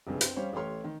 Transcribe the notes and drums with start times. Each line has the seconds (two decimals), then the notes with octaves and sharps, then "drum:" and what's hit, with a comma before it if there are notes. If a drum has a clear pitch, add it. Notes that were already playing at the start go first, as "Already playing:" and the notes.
0.07 G1 C2 F#2 C#3 G3
0.21 C4, drum: hi-hat
0.36 G3 C#4 C5 C#5 F5
0.53 A1 A3 G4 C#5 C6 F6
0.84 D#3